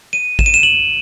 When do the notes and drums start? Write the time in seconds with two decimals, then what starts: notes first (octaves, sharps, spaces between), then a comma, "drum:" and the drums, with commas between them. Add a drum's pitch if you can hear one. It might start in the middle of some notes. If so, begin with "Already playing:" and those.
0.13 D#7
0.39 E7, drum: kick G#1
0.46 D#7
0.54 E7
0.63 F#7